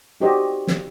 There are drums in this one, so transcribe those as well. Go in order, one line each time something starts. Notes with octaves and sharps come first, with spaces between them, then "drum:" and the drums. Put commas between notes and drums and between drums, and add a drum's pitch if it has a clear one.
D#4 F#4 G4 C5 D5 D#5
drum: snare